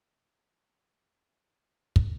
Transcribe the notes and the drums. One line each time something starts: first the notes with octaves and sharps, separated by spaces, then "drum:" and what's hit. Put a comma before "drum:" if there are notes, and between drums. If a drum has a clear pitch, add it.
C#5
A#5
D#4 C#5
F4
drum: kick